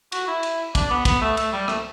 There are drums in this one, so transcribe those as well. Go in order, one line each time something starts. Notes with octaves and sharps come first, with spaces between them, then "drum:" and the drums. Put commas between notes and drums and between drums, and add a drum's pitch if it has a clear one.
F#4, drum: cymbal
E4
drum: cymbal
D4, drum: kick, cymbal
B3
B3, drum: kick, cymbal
A3
A3, drum: cymbal
G3
A3, drum: rim click